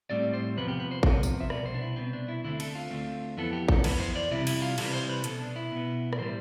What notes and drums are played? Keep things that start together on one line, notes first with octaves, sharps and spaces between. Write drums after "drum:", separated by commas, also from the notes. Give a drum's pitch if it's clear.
A2 G3 C4 D5
C5
E2 C3 F3 B3 B4
G4
B4
C5
E2 C3 F3 B3, drum: kick A1
drum: tambourine
E5
C2 B2 B3 D5, drum: rim click
C5
D4
E4
C2 B2 B3 C4
D4
E4
D2 D3 A3 C4 E4
A4, drum: cymbal
F4
D2 D3 A3 C4
F2 E3 B3 A4
G4
A4, drum: kick A1
F2 E3 B3 B4, drum: cymbal
C5
D5
C2 C3 E3 G3 E4
E4, drum: cymbal
F4
C2 C3 E3 G3 A4, drum: cymbal
B4
C5
B4
B2 B3 A4, drum: hi-hat
D4
E4
B2 B3
D5, drum: rim click
A2 E3 G3 C5